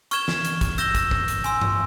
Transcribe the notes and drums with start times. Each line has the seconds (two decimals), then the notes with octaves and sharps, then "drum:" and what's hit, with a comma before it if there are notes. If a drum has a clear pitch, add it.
0.11 C#6 F6 G#6 E7 G7, drum: hi-hat
0.28 drum: snare
0.45 drum: hi-hat
0.61 drum: kick, hi-hat
0.78 E6 G6 A#6 E7 G7, drum: hi-hat
0.95 drum: kick, hi-hat
1.11 drum: kick
1.28 drum: hi-hat
1.44 G#5 C6 E6, drum: hi-hat
1.61 drum: tom G2